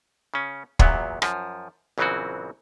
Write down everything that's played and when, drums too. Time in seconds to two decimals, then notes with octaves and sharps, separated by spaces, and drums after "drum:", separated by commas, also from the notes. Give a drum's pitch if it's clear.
0.34 C#3 C#4
0.79 E2 A#2 F#3 B3, drum: kick
1.22 F#2 F3, drum: rim click
1.98 A#1 C#3 E3 F#3 C4 F#4